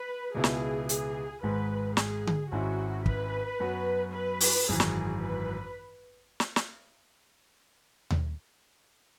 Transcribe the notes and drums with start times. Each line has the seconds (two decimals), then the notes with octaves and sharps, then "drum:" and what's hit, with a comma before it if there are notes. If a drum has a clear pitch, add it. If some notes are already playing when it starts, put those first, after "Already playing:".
Already playing: B4
0.34 C#2 B2 B3 E4 G#4
0.44 drum: snare
0.89 G#4, drum: hi-hat
1.42 G#1 G#2 G#3 B4
1.97 G#4, drum: snare
2.27 drum: tom D3
2.51 G#1 G#2 G#3 C#4 E4 F#4
3.06 B4, drum: kick
3.60 F#2 F#3 B3 F#4
4.13 B4
4.40 drum: open hi-hat
4.68 G#1 F#2 E3 G#4
4.80 drum: snare
5.22 B4
6.40 drum: snare
6.56 drum: snare
8.10 drum: tom D#2